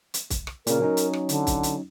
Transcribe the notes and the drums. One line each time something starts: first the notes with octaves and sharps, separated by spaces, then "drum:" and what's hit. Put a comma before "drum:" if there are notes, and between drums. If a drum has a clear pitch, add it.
drum: hi-hat
drum: kick, hi-hat
drum: rim click
A#2 C#3 A#4, drum: hi-hat
F#3 C#4 D#4
drum: hi-hat
drum: rim click
D3, drum: hi-hat
drum: kick, hi-hat
drum: hi-hat